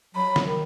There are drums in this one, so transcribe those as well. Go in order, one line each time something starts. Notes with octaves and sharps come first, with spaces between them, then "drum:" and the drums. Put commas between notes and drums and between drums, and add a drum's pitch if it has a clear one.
F#3 B5
drum: snare
D#3